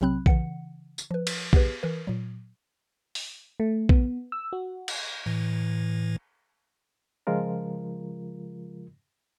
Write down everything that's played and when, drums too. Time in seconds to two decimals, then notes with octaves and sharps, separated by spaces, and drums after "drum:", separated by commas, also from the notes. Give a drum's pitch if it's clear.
0.01 B1 C3 F#3 C4 B5 F#6
0.26 C#3 E3 F#5 C#7, drum: kick A#1
0.98 drum: tambourine
1.11 F3 B4
1.27 drum: cymbal
1.53 B3 G4 G#4 B4, drum: kick A#1
1.83 E3 A#4 B4
2.07 A#2 F#3
3.15 drum: open hi-hat
3.60 A3
3.89 B3, drum: kick A#1
4.32 E6
4.53 F#4
4.88 drum: cymbal
5.26 A2 E3
7.27 C#3 F3 G#3 F4 A#4